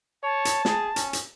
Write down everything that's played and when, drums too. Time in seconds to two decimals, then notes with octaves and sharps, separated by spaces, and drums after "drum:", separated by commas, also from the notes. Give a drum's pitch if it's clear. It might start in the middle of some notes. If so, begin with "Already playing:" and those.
0.24 C#5 A5
0.45 drum: hi-hat
0.65 G#4, drum: snare
0.96 C#4, drum: hi-hat
1.13 drum: hi-hat